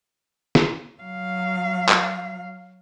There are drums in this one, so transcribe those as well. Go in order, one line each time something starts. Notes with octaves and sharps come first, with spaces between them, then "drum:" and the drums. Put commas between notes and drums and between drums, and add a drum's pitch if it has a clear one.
drum: snare
F#3 F5
drum: clap